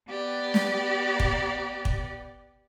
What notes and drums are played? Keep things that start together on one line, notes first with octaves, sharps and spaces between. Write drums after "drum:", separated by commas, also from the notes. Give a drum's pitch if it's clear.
B3 G4 D5
drum: snare
drum: kick
drum: kick